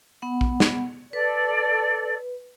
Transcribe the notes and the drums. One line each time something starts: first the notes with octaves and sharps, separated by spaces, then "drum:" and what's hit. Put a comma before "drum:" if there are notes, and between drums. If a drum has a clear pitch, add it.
B3 F#5
drum: kick A#1
drum: snare
A4 B4 D5